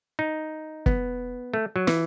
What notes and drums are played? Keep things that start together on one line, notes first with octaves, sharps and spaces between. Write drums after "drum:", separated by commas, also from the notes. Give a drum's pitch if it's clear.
D#4
B3, drum: kick
A3
F#3
E3, drum: snare